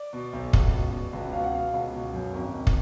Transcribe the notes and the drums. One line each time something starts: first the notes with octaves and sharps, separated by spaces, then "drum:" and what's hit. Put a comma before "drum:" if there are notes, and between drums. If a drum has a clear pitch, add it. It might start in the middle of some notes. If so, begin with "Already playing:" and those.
Already playing: D5
B2
B1
C#2, drum: kick
B2
B2
C#2
B2 F5
F#5
B2 F5
C#2
B2
F#2
G#1
G#1
drum: kick